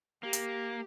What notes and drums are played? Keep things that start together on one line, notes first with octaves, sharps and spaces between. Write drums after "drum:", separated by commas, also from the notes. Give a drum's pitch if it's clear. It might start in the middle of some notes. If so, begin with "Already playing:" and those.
A#3 G4
drum: hi-hat